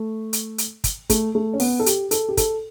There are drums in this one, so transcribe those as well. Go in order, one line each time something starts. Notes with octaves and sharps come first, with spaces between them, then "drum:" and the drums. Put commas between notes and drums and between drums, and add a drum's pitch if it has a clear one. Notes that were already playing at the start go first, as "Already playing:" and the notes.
Already playing: A3
drum: hi-hat
drum: hi-hat
drum: kick, hi-hat
A3, drum: kick, hi-hat
A3
C#4
B3, drum: open hi-hat
A4
G4, drum: hi-hat
A4, drum: hi-hat
G4
A4, drum: kick, hi-hat